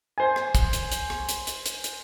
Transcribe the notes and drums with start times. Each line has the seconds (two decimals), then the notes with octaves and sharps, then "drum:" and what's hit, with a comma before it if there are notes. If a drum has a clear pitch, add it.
0.18 C5 G#5
0.36 drum: rim click
0.55 drum: kick, hi-hat
0.73 drum: hi-hat
0.92 drum: hi-hat
1.10 drum: rim click
1.29 drum: hi-hat
1.47 drum: hi-hat
1.66 drum: hi-hat
1.84 drum: hi-hat